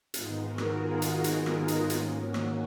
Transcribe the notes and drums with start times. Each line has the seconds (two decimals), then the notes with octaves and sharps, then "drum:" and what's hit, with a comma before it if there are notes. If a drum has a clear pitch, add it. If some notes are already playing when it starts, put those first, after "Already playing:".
0.14 G#2 D#3 G#3 B3 D#4 F4 G#4, drum: hi-hat
0.43 F#4 A#4
0.58 drum: rim click
0.72 F4 G#4
1.02 F#4, drum: hi-hat
1.24 drum: hi-hat
1.46 drum: rim click
1.68 drum: hi-hat
1.90 G#2 D#3 A#3 C#4 F4 G#4, drum: hi-hat
2.20 F#4
2.34 drum: rim click